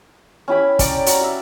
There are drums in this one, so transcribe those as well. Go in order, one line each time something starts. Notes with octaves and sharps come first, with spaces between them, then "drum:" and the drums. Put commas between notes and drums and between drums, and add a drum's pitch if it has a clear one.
C#4 E4 G4 B5
C#4 D5 G5 A#5, drum: kick, hi-hat
F#4 A#5, drum: hi-hat
E5 F#5